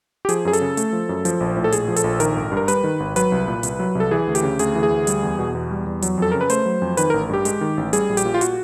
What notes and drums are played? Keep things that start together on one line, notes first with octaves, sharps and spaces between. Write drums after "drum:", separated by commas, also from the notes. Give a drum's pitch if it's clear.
G4
F3 G#4, drum: hi-hat
F#2 G#4
A4, drum: hi-hat
C#3
A3, drum: hi-hat
F3
F#2
F3, drum: hi-hat
A#1
A2
A4
A#1 G#4, drum: hi-hat
F3
A4, drum: hi-hat
A#1
D#3 A#4, drum: hi-hat
G#1
G2
A#4
G3 B4, drum: hi-hat
D#3
G#1
F#3 B4, drum: hi-hat
C2
A#2
C2, drum: hi-hat
F#3
C2
A4
E3 G#4
D2
G4, drum: hi-hat
C#3
D2 G#4, drum: hi-hat
E3
G#4
D2
G3, drum: hi-hat
E2
B2
E2
G3
E2
F#3, drum: hi-hat
F2 A4
C#3 A#4
B4
A3 C5, drum: hi-hat
F#3
F2
D#3 B4, drum: hi-hat
A1 A#4
G2 G4
G#3, drum: hi-hat
D#3
A1
G3 G#4, drum: hi-hat
A#1
G4, drum: hi-hat
A#2
F4
F#4, drum: hi-hat